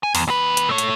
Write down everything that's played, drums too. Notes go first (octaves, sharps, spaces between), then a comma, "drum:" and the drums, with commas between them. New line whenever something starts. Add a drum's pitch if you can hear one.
G#5
E2, drum: open hi-hat
D#2 B4
drum: hi-hat
A3 C#5
drum: hi-hat